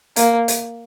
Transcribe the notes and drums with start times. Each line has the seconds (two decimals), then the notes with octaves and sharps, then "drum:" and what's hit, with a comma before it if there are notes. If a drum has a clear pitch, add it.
0.16 A#3, drum: hi-hat
0.48 drum: hi-hat